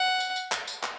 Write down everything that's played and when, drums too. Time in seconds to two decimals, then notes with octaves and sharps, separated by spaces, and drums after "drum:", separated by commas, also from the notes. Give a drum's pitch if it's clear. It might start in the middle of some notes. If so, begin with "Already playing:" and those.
Already playing: F#5
0.20 drum: tambourine
0.36 drum: tambourine
0.52 drum: clap
0.67 drum: tambourine
0.83 drum: clap